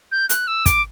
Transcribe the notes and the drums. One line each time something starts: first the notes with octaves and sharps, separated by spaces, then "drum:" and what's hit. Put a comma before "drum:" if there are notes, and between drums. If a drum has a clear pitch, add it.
G6
F#6, drum: hi-hat
E6
D6, drum: kick, hi-hat